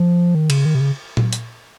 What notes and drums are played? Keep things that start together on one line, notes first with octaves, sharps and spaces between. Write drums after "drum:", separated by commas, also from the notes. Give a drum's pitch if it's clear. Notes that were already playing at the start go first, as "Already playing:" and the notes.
Already playing: F3
D#3
C#3, drum: cymbal
D#3
C3
C#3
drum: tom A#2
drum: hi-hat